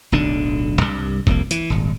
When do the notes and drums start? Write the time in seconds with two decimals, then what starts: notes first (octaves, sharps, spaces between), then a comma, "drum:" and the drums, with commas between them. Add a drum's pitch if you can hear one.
0.12 D1 B1 D3 D4
0.81 C2 G2
1.27 C2 F2 G#3 A#3, drum: kick
1.51 E3, drum: hi-hat
1.70 D#1 G#1